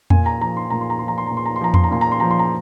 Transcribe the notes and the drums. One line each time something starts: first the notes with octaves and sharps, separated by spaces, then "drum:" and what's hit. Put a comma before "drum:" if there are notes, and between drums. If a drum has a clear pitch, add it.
A#2 G#5, drum: tom E2
A#5
F3 A#5
C6
A#2 A#5
C6
A#5
F3 C6
A#5
C6
A#2 A#5
C6
A#5
C6
F3 A#5
C6, drum: tom E2
A#5
A#2 C6
A#5
C6
F3 A#5
C6
A#5